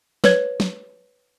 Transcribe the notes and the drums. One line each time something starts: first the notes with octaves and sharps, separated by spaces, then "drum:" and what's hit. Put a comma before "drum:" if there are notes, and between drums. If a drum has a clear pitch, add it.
B4 C#5 G#6, drum: snare
drum: snare